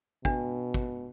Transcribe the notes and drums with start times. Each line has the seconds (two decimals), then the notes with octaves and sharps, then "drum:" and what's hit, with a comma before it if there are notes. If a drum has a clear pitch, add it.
0.25 B2 D4, drum: kick
0.74 drum: kick